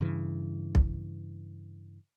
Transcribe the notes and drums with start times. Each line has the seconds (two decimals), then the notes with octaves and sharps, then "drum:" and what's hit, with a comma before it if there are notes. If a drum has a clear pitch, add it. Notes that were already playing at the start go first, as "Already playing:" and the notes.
0.01 G2 C#3 E3
0.75 drum: kick B1